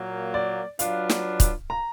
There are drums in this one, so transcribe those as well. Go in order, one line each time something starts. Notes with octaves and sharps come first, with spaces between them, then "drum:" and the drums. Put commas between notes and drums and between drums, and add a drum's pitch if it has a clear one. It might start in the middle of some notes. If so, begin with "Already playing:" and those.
Already playing: A#2 F#3 A#3
D5
F#3 D4 F4 B4 F5, drum: hi-hat
drum: snare
drum: kick, hi-hat
A#5